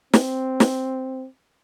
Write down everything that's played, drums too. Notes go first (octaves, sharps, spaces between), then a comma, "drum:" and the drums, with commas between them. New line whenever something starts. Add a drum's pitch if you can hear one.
C4, drum: snare
drum: snare